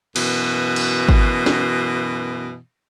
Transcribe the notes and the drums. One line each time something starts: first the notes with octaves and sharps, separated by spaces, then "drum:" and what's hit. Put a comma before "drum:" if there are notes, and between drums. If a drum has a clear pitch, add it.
F#2 B2 E3, drum: cymbal
drum: cymbal
drum: kick G#1
drum: snare